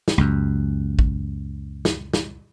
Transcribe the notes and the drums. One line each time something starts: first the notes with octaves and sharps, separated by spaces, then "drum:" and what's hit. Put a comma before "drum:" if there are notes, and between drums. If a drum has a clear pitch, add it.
drum: snare
C#2 F#2
drum: kick
drum: snare
drum: snare